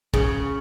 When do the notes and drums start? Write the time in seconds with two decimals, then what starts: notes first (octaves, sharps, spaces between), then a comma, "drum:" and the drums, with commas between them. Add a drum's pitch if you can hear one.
0.14 C#3, drum: kick